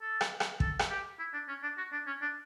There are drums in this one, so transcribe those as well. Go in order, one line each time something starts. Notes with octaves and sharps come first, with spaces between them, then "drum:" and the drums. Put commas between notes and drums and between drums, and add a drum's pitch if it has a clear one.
A4
drum: rim click
drum: rim click
A4, drum: kick
drum: rim click
G4
E4
D4
C#4
D4
F#4
D4
C#4
D4